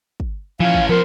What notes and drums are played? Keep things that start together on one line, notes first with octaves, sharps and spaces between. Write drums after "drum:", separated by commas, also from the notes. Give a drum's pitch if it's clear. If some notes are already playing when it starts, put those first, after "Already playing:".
drum: kick
E3 F3 C#4 F5
drum: kick
F3 B3 A#4 C5